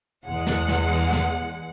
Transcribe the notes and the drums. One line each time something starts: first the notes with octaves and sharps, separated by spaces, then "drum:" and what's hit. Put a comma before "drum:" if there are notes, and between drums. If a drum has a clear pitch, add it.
E2 G#3 F#5
drum: snare
drum: snare
drum: snare